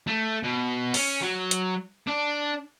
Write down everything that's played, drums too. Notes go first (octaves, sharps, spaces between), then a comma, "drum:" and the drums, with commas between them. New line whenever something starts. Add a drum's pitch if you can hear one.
A3
B2
C#4, drum: open hi-hat
F#3
drum: hi-hat
D4